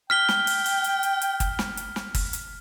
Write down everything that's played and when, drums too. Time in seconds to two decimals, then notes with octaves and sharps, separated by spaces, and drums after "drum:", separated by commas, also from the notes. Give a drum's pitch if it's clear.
0.10 G5 F6 B6 G7
0.29 drum: snare
0.47 drum: open hi-hat
0.66 drum: open hi-hat
0.84 drum: hi-hat
1.03 drum: hi-hat
1.22 drum: hi-hat
1.40 drum: kick, hi-hat
1.59 drum: snare
1.77 drum: hi-hat
1.96 drum: snare
2.15 drum: kick, open hi-hat
2.33 drum: hi-hat